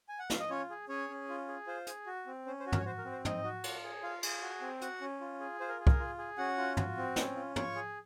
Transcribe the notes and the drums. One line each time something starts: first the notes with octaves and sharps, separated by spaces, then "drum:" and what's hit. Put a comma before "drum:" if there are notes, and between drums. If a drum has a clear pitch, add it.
G#5
F#5
F5, drum: snare
D#5
C#4 F4 C#5
G#4
C#4 G#4 C#5
C#4
F4
G#4
F4 C5
G#4, drum: hi-hat
F#4
C4
C#4 C5
C5
F#4
A#4, drum: tom
C#5
F#4 C5
A#4
C4
C5
D#4 D#5, drum: tom
F#4
F4, drum: cymbal
G#4
F4 F5
G#4, drum: cymbal
F#4
C4
F#4 F#5, drum: hi-hat
C#4
F4
G#4
F4 C5
A#4
G#4
A#4, drum: kick
F4
G#4
C#4 F#4 F#5
F4
F#4, drum: tom
C4
C#4, drum: snare
F4
F4 C#5 C#6, drum: tom
G#4